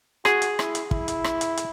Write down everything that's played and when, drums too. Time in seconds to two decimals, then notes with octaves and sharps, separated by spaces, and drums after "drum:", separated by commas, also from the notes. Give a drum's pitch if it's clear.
0.25 F#4 G#4, drum: rim click
0.42 drum: hi-hat
0.59 E4, drum: rim click
0.75 drum: hi-hat
0.91 E4, drum: kick
1.08 drum: hi-hat
1.24 drum: rim click
1.41 drum: hi-hat
1.57 drum: hi-hat